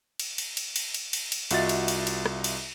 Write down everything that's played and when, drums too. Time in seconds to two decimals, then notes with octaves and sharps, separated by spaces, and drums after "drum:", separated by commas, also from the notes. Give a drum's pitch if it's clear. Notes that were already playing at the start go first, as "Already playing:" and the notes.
0.20 drum: cymbal
0.38 drum: cymbal
0.57 drum: cymbal
0.76 drum: cymbal
0.94 drum: cymbal
1.13 drum: cymbal
1.32 drum: cymbal
1.51 C2 F4 F#4 D#5 E5 A6, drum: cymbal
1.69 drum: cymbal
1.88 drum: cymbal
2.07 drum: cymbal
2.26 drum: rim click
2.44 drum: cymbal